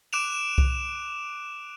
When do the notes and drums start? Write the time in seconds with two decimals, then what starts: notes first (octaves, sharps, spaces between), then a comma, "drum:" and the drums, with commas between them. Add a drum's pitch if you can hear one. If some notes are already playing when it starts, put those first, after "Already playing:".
0.13 D6 F#6 D7 E7 F7
0.58 drum: kick C2